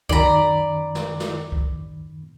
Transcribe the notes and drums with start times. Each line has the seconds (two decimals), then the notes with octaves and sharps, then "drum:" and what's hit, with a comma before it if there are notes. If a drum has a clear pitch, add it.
0.09 F#2 D#3 D5 A#5 B5, drum: kick C#2
0.95 drum: snare
1.20 drum: snare
1.52 drum: kick C#2